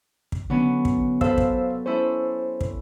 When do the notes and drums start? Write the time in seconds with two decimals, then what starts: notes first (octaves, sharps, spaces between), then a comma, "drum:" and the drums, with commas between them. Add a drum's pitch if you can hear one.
0.32 drum: kick
0.50 D3 F#3 B3 C#4
0.85 drum: kick
1.21 A4 B4 C5 F5 E6, drum: kick
1.38 drum: kick
1.86 C#4 E4 A4 C5
2.61 drum: kick